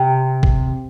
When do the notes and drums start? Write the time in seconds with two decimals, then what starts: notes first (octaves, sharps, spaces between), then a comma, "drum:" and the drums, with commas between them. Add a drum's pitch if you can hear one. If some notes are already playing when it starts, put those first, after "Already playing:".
Already playing: C3
0.43 drum: kick